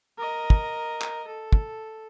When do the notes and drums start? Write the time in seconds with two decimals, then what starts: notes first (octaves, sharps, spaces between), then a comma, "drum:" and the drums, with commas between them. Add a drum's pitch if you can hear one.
0.18 A#4 D#5
0.50 drum: kick
1.01 drum: clap
1.27 A4
1.52 drum: kick